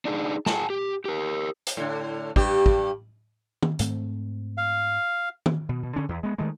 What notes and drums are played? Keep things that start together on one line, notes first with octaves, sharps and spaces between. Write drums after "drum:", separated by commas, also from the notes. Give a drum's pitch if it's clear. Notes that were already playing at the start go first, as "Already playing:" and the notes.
D4 D#4 G#4
G#4 F#5 G#5 A5, drum: snare
G4
G4 A#4
drum: hi-hat
A2 D3
G2 G4, drum: kick
drum: kick
drum: tom D#3
G#2 A3 C4, drum: hi-hat
F5
drum: tom D#3
B2
B2
D3 C#4
E2
G#3 B3
D#3 G#3 A3